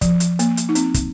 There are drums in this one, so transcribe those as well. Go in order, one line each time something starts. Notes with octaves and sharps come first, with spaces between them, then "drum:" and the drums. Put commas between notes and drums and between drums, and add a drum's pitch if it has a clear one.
F3, drum: kick, hi-hat
drum: hi-hat
A#3, drum: hi-hat
drum: hi-hat
D#4
C4, drum: hi-hat
drum: kick, hi-hat